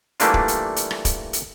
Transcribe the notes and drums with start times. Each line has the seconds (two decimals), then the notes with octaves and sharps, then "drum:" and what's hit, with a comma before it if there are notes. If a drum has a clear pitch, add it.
0.20 E3 G3 A3 A#3 D4 F4, drum: hi-hat
0.34 drum: kick D1
0.48 drum: hi-hat
0.76 drum: hi-hat
0.91 drum: rim click
1.05 drum: kick D1, hi-hat
1.33 drum: hi-hat